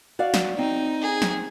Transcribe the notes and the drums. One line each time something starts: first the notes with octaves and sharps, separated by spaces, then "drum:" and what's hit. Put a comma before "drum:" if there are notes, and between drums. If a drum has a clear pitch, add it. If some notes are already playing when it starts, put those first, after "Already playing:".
F#4 D5 F5
drum: snare
C4 D#4
G#4
drum: snare